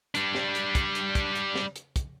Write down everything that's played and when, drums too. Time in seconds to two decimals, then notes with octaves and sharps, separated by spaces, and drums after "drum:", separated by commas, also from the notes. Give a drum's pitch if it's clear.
0.15 G3 D4, drum: hi-hat
0.35 drum: snare
0.55 drum: hi-hat
0.75 drum: kick, hi-hat
0.95 drum: hi-hat
1.15 drum: kick, hi-hat
1.35 drum: hi-hat
1.55 drum: snare
1.76 drum: hi-hat
1.96 drum: kick, hi-hat